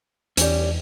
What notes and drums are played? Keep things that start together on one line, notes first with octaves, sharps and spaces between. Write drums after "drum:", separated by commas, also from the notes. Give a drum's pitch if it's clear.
E2 G3 C#4, drum: hi-hat